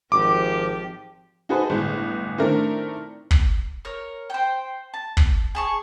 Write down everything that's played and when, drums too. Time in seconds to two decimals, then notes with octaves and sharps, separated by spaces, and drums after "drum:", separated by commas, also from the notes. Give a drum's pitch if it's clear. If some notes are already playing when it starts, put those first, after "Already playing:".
0.12 G#1 F3 G4 D6
1.49 D#4 F#4 G#4 A4 B4 C5
1.70 G1 A2 G#3
2.38 D#3 A3 C4 D4 E4 A#4
3.31 drum: kick
3.85 A#4 C#5
4.30 C5 G5
4.94 A5
5.17 drum: kick
5.55 G#4 A5 C#6